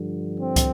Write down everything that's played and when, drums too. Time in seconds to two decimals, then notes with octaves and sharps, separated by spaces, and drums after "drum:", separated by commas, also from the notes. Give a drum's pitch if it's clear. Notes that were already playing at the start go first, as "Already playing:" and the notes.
Already playing: G2 D3 F3
0.40 C4
0.56 drum: kick, hi-hat